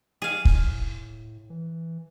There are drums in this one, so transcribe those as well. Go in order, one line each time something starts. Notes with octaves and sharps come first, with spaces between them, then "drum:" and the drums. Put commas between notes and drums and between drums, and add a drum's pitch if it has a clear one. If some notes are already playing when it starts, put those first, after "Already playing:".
G#4 F5
A2, drum: kick
E3